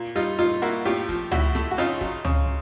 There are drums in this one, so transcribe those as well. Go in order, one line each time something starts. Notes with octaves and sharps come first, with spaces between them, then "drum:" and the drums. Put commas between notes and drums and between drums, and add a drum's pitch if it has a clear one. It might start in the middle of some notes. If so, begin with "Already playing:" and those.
Already playing: A#2
G3 D#4 F4
A#2 D#4 F4
A#3 E4 F#4
A2 F4 G4
F3, drum: kick
A2 E4 F#4, drum: tom C#2
A3, drum: snare
F#4
C#3 D#4 F4
F#3, drum: kick
C#3, drum: tom C#2